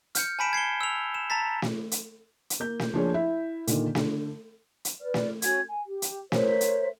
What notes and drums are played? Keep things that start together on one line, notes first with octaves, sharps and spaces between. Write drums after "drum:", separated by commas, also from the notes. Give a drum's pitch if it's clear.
F6 G6 C#7, drum: hi-hat
G#5 A5 B5 B6 D7 E7
G#6 C7 C#7 G7
E6 F7
E7
A5 A#5 A6 B6
drum: snare
drum: hi-hat
drum: hi-hat
A#3 G6
drum: snare
F3 A#3 D4 G#4 A#4 C#5
E4 E5
A#2 D3 D#3, drum: hi-hat
D3, drum: snare
drum: hi-hat
B4 D5 F6
drum: snare
C#4 F#4 G#5 G#6, drum: hi-hat
G#5
G4
drum: hi-hat
A#4 C5 C#5 E5, drum: snare
drum: hi-hat